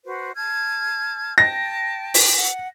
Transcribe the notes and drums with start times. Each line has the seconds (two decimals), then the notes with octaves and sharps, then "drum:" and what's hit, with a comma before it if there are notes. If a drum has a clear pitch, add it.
0.05 F#4 B4 C5
0.35 A5 F6 G#6
1.38 G5 A5 A#6
2.14 drum: open hi-hat
2.37 F#5